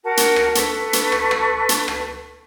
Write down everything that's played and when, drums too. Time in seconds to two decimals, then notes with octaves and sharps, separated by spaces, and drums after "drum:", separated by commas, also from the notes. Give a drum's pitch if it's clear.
0.04 F#4 A#4 F#5 A5
0.17 drum: hi-hat
0.36 drum: rim click
0.55 A4 B4 C#6, drum: hi-hat
0.93 drum: hi-hat
1.12 drum: rim click
1.31 drum: rim click
1.69 drum: hi-hat
1.88 drum: rim click